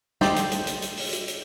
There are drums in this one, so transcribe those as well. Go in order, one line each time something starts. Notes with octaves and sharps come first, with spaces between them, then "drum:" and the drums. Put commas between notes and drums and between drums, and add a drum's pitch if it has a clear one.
D#4 G4 A4 C5, drum: snare
drum: hi-hat
drum: hi-hat
drum: hi-hat
drum: hi-hat
drum: open hi-hat
drum: hi-hat
drum: hi-hat